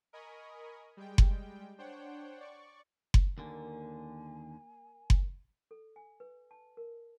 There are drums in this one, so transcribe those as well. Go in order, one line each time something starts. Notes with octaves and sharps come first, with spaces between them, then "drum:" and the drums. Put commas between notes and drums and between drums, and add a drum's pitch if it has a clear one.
A#4 D#5 G#5 B5 C#6 D#6
G3 G#3 G5
drum: kick F#1
D4 C5 C#5 F#5 G5
D5 C#6
drum: kick F#1
D#2 D3 A#3 G#5
drum: kick F#1
A4
G#5
B4
A5
A#4